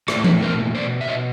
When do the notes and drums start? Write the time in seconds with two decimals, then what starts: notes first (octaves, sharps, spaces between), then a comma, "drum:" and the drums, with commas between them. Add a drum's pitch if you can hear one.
0.08 A2 C5 D5, drum: rim click
0.24 B4 C#5, drum: tom E3
0.42 B2 A#4 C5
0.75 B2 C5 D5
1.01 E5
1.08 B2 C#5 D#5